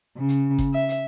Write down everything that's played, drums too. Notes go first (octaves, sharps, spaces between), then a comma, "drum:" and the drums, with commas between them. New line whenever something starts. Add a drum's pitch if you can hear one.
C#3
drum: hi-hat
drum: kick G1, hi-hat
E5
drum: hi-hat